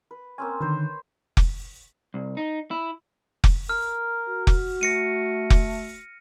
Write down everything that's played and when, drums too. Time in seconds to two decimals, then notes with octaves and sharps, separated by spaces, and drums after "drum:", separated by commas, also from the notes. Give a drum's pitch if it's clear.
0.11 B4
0.38 A#3 C4 C#4 G#5
0.61 D3 D#3 B4 C5
1.37 drum: kick F1
2.14 C2
2.37 D#4
2.71 E4
3.44 drum: kick F1
3.69 A#4 F6
4.28 F#4
4.47 drum: kick F1
4.81 A3 A#6 C#7 D#7
5.50 drum: kick F1